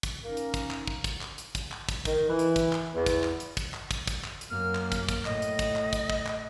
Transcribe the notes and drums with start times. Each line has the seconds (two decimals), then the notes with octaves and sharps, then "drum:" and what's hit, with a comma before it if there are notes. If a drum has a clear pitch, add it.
0.03 drum: kick, hi-hat
0.24 A#3 C#4 D#4 A#4
0.37 drum: hi-hat
0.54 drum: kick, hi-hat
0.71 drum: clap
0.87 drum: kick
1.04 drum: kick, hi-hat
1.21 drum: clap
1.38 drum: hi-hat
1.55 drum: kick, hi-hat
1.72 drum: clap
1.89 drum: kick, hi-hat
2.05 D#3, drum: kick, hi-hat
2.28 E3
2.39 drum: hi-hat
2.56 drum: kick, hi-hat
2.73 drum: clap
2.95 E2
3.06 drum: kick, hi-hat
3.23 drum: clap
3.40 drum: hi-hat
3.57 drum: kick, hi-hat
3.74 drum: clap
3.91 drum: kick, hi-hat
4.07 drum: kick, hi-hat
4.24 drum: clap
4.41 drum: hi-hat
4.50 F#2 A#3 F6
4.75 drum: clap
4.92 drum: kick, hi-hat
5.09 drum: kick, hi-hat
5.25 A2 D#5, drum: clap
5.42 drum: hi-hat
5.59 drum: kick, hi-hat
5.76 drum: clap
5.93 drum: kick, hi-hat
6.10 drum: kick
6.26 drum: clap